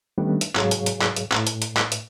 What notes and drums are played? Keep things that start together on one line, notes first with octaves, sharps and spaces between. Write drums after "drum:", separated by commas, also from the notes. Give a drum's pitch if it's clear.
D#3 G3 A3 B3 C#4 D4
drum: hi-hat
G#2 C3 F#3 G#4 C#5 F5, drum: clap
drum: hi-hat
drum: hi-hat
drum: clap
drum: hi-hat
A2, drum: clap
drum: hi-hat
drum: hi-hat
drum: clap
drum: hi-hat